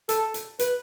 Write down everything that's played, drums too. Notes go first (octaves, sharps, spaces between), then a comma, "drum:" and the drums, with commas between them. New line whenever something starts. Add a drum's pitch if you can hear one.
A4, drum: hi-hat
drum: hi-hat
B4, drum: hi-hat